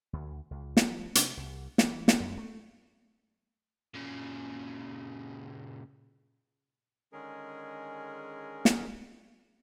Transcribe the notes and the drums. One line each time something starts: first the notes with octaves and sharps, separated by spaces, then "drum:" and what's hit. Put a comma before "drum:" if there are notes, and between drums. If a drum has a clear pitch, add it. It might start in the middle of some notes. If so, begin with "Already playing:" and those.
D2
C#2
F3, drum: snare
C3, drum: hi-hat
C2
E3, drum: snare
drum: snare
F#2
A3
A#2 C#3
D3 D#3 G#3 C#4 G#4 A#4
drum: snare